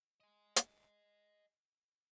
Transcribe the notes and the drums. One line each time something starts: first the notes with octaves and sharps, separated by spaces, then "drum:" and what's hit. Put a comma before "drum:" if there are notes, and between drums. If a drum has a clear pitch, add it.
D#5 G#5
drum: hi-hat